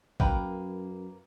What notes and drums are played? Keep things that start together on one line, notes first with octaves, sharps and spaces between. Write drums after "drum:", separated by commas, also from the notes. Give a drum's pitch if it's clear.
F#2 A#3 B4 G5, drum: kick